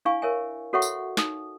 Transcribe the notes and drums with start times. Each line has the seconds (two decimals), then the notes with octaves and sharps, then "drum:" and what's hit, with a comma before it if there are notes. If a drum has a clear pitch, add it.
0.05 D4 E4 F5 G#5 C#6
0.22 A#4 C#5 E5 G#5
0.73 F#4 A4 C#5 E5 F#5 C#6
0.82 drum: tambourine
1.17 D#4 D#6, drum: snare